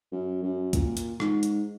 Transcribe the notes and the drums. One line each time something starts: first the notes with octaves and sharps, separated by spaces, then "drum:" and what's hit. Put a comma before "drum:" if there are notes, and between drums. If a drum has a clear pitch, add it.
F#2
F#2
A#2, drum: kick, hi-hat
drum: hi-hat
G#2, drum: rim click
drum: hi-hat